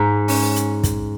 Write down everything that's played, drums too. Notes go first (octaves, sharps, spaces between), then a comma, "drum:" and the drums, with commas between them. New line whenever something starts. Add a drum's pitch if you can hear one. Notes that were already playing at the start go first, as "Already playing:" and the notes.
Already playing: G#2
C#4, drum: open hi-hat
drum: hi-hat
drum: kick, hi-hat